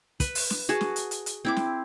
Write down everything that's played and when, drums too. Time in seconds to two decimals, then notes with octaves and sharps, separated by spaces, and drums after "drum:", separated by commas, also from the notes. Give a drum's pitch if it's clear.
0.20 B4, drum: kick, hi-hat
0.35 drum: open hi-hat
0.50 drum: snare
0.69 F#4 G#4 A5
0.81 drum: snare
0.96 drum: hi-hat
1.11 drum: hi-hat
1.26 drum: hi-hat
1.45 C4 E4 D6
1.56 drum: snare